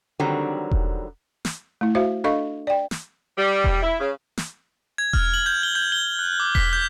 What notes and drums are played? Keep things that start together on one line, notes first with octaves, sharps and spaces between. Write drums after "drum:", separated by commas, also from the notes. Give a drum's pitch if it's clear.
D3 D#3 F#3 G3 C4
drum: kick E1
drum: snare
A3 E4
F#4 C5 E5 F5
D4 A4 D#5 F5 C#6
D5 G5
drum: snare
G3
drum: kick E1
E4
C#3
drum: snare
G#6
F6, drum: kick E1
F#7
G6
G7
G6
G7
F#6
D6
B6, drum: kick E1
G6